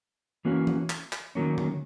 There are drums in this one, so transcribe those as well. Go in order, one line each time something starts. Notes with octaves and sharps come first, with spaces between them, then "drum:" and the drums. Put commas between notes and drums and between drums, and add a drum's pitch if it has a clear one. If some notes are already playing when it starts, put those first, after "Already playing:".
E3 A#3 C#4 F#4
drum: tom E3
drum: clap
drum: clap
D#3 F#3 A#3 C#4
drum: tom D3